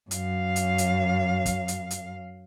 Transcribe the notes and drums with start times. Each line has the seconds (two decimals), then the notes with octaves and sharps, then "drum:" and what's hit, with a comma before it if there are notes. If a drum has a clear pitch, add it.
0.11 F#2 F5, drum: hi-hat
0.56 drum: hi-hat
0.78 drum: hi-hat
1.46 drum: kick, hi-hat
1.68 drum: hi-hat
1.91 drum: hi-hat